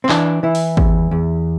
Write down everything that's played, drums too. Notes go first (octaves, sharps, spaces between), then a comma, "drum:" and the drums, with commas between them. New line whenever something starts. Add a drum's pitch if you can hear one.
C4
E3 D4, drum: clap
E3 E4
drum: open hi-hat
E2, drum: kick
E2